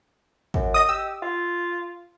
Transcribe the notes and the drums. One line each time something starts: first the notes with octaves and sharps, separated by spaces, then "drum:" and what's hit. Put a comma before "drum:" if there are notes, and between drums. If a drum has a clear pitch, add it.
F#2, drum: kick
D#5 D#6
G4 E6
F4